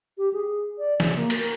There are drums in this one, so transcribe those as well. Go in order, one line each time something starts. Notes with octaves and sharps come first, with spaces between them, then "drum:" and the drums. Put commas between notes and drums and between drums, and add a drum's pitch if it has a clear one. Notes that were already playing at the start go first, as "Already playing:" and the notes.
G4
G#4
D5
C#3, drum: snare
A#3
drum: cymbal
A#4